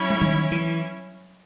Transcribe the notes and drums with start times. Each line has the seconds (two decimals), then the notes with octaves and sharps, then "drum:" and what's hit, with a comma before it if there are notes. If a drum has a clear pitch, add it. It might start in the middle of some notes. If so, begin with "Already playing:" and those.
Already playing: F#3 C#4 E4
0.10 drum: tom G3
0.21 D#3
0.52 E3